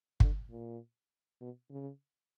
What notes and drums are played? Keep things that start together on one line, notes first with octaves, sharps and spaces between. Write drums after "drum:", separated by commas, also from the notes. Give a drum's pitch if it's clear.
D3, drum: kick
A#2
B2
C#3